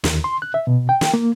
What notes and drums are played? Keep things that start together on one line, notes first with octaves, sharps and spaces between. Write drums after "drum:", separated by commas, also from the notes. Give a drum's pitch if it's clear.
D#2, drum: snare
C6
F#6
E5
B2
G5
drum: snare
A#3